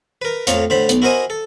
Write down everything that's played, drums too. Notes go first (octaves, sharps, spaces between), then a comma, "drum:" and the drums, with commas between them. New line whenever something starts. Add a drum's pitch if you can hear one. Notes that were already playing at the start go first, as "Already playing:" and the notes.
A#4 B4
F2 A2 F3 F4 C#5 A#5, drum: hi-hat
A2 D3 C5 B5
B1, drum: hi-hat
E4 F#4 A#4 C5 D#5 G#5
A4